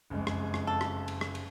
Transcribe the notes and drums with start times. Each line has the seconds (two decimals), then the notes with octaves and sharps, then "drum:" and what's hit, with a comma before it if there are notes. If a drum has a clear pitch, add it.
0.10 F#1 F2 G#3
0.27 drum: rim click
0.54 drum: rim click
0.67 A4
0.81 drum: rim click
1.08 drum: cymbal
1.21 drum: rim click
1.35 drum: cymbal